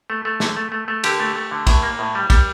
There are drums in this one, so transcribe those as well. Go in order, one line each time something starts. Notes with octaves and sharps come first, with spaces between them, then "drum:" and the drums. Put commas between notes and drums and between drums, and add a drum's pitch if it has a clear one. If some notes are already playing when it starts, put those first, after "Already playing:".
A3
A3
D3, drum: snare
A3
A3
A3
D3 G4, drum: cymbal
A3
A3
D3
A2, drum: kick, cymbal
A#3
A2
G3
G3, drum: kick, cymbal